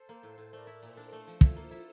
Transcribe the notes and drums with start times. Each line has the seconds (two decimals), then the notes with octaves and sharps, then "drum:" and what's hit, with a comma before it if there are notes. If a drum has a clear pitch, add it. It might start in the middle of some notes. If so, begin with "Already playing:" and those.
Already playing: A4 C5
0.09 A#3
0.23 A2
0.38 A2
0.53 A3 A#4 D5
0.67 E4
0.82 A#2 A4 C5
0.97 D4
1.12 A3
1.27 F3
1.41 E4 F4 A4, drum: kick
1.56 A#3
1.71 E4